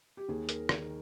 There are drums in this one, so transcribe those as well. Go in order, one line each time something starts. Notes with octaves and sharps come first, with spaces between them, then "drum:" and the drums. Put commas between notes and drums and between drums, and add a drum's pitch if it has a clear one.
G4
D#2 G#4
A#4, drum: hi-hat
D#3 A#4, drum: rim click